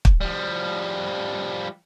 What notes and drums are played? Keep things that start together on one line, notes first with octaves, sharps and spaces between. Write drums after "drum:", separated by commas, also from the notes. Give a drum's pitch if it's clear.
drum: kick
F3 G3